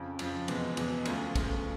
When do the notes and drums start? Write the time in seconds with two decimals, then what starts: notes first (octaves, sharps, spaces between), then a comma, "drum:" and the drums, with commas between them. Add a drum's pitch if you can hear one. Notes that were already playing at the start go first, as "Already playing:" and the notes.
Already playing: F2 C#3 F3
0.19 F2 C#3 F3, drum: cymbal
0.48 E2 B2 G#3, drum: cymbal
0.77 E2 B2 G#3, drum: cymbal
1.05 D2 C#3 F3 A3, drum: cymbal
1.35 D2 C#3 F3 A3, drum: kick, cymbal